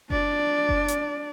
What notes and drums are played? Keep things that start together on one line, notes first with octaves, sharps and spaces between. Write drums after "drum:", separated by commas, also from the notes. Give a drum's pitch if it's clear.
D4 D5, drum: kick F#1
drum: kick F#1
drum: hi-hat